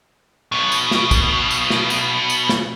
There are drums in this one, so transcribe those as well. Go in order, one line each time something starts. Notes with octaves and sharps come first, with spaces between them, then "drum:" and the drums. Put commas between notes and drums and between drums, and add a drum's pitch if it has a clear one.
B1 B2
drum: tambourine
drum: snare
drum: kick, tambourine
drum: tambourine
drum: snare
drum: tambourine
drum: tambourine
drum: snare